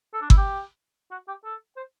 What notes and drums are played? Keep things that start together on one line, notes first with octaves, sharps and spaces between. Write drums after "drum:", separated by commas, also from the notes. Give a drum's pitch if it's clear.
A4
D4
E4, drum: kick G1
G4
F#4
G4
A4
C5